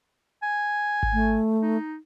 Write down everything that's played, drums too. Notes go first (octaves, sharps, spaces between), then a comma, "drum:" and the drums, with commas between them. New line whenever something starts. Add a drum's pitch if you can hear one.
G#5
drum: kick G#1
A3
D#4